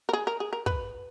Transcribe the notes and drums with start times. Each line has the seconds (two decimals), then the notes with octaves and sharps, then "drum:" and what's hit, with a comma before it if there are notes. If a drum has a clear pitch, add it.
0.09 A#4
0.13 G#4
0.27 A#4
0.40 G#4
0.53 A#4
0.66 B4, drum: kick